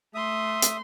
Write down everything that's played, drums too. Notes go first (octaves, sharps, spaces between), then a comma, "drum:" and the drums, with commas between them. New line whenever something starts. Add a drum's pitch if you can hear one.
A3 E5 C6 D#6
drum: hi-hat